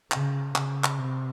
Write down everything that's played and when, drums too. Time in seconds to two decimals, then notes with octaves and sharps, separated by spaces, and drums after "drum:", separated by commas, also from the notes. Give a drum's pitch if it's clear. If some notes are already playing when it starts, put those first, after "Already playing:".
0.11 C#3, drum: clap
0.55 C#3, drum: clap
0.84 drum: clap
0.98 C3